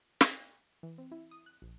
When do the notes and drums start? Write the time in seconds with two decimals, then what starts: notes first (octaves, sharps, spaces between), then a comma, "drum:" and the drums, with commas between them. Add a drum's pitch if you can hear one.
0.21 drum: snare
0.83 E3
0.98 C4
1.12 E4
1.31 D#6
1.46 F#6
1.62 A#1